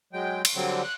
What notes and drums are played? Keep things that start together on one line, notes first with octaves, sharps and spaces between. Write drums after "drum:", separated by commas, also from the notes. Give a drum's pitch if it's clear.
F#3 G#3 G5
drum: cymbal
D3 F#3 G3 C4
F#6